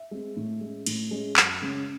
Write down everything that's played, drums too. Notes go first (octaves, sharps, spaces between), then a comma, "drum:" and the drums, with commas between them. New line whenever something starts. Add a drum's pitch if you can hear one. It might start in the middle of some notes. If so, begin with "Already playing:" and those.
Already playing: E5
G#3 C4
A2
G#3 C#4
A2, drum: cymbal
G#3 C#4
F#2, drum: clap
C#3 G#3 C#4